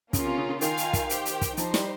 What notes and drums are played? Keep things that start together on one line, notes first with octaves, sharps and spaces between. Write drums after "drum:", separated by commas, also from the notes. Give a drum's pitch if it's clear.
C#3 A#3 C#4 F4, drum: kick, hi-hat
C3
C#3
C#3
D#3 F4 A#4 F5 G#5, drum: hi-hat
drum: hi-hat
drum: kick, hi-hat
G4 C5 G5, drum: hi-hat
drum: hi-hat
drum: kick, hi-hat
F3 D#4 G4 C5, drum: hi-hat
G3, drum: snare